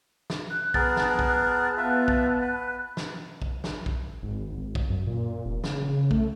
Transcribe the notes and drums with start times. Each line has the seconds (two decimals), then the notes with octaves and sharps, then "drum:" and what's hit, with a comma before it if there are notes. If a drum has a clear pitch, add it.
0.30 drum: snare
0.49 F#6
0.74 B3 G#4 A#4 A5, drum: kick
0.97 drum: snare
1.19 drum: kick
1.77 B3 F4 E5
2.08 drum: kick
2.41 B4
2.97 drum: snare
3.42 drum: kick
3.64 drum: snare
3.86 drum: kick
4.23 G#1
4.57 G#1
4.75 drum: kick
4.90 F#2
5.07 A#2
5.45 F1
5.64 C#3, drum: snare
6.11 A3, drum: kick